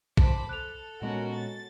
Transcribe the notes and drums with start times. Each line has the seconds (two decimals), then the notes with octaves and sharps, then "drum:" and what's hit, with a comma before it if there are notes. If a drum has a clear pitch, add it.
0.17 C5 A5 B5 D6, drum: kick
0.49 A4 F#6 F7
1.02 A#2 G#3 B3 C#4 F#4 A#4
1.36 A6